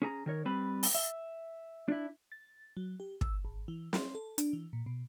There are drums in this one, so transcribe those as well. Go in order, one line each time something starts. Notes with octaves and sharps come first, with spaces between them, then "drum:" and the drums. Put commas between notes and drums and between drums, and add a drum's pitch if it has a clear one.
C#4 G#4 A#5
D#3 A#4 C#5
G3 C4 B4 B5
drum: open hi-hat
E5
D4 E4
A6
F#3
G4
E6, drum: kick
G#1
E3
C6, drum: snare
A4
D4, drum: hi-hat
E3
A#2
B2